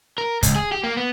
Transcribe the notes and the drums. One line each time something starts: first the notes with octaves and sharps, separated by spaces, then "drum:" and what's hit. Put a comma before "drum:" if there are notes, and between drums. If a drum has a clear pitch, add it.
A#4
C#2, drum: kick, hi-hat
G#4
G4
A#3
B3